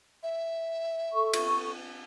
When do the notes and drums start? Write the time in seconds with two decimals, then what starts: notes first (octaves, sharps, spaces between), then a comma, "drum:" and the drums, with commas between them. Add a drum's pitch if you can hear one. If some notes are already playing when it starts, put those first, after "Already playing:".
0.23 E5
1.13 A4 C#6
1.33 drum: cymbal